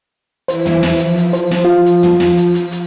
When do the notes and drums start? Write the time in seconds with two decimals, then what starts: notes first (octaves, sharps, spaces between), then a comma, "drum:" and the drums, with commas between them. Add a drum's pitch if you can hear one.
0.48 E3 E4 C5, drum: hi-hat
0.66 drum: tom
0.83 drum: snare
0.97 F3, drum: hi-hat
1.17 drum: hi-hat
1.33 C5, drum: hi-hat
1.51 drum: snare
1.65 F4
1.86 drum: hi-hat
2.03 drum: tom
2.20 drum: snare
2.37 drum: hi-hat
2.54 drum: hi-hat
2.71 drum: hi-hat